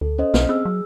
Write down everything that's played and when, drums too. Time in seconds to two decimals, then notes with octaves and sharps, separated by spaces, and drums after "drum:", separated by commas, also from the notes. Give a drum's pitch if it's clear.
0.01 D2 A4
0.19 C#4 C5 D#5
0.34 B1 F6, drum: snare
0.49 C4 G#4 E6
0.65 F#3